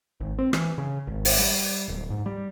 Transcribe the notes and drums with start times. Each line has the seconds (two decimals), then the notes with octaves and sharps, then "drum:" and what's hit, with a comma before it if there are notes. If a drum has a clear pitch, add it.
0.20 G#1
0.39 C4
0.53 E3, drum: rim click
0.78 C#3
1.07 G#1
1.25 drum: open hi-hat
1.40 G3
1.88 D1
2.10 G#2
2.26 G3